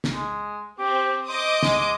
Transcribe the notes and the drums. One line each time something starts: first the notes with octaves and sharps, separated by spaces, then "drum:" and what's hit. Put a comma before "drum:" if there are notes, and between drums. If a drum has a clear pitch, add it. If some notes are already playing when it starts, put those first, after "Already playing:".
drum: snare
G#3
C4 G4
C5 D#5 D6 D#6
G#3, drum: snare